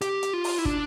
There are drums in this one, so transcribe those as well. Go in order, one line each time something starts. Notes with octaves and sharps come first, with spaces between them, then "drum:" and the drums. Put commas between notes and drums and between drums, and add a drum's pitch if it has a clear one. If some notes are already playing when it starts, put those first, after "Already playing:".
G4, drum: hi-hat
drum: hi-hat
F4
drum: open hi-hat
E4
D4, drum: kick